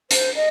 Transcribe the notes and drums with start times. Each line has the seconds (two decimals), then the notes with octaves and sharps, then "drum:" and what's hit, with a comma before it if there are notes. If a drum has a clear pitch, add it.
0.11 C5, drum: hi-hat
0.35 D#5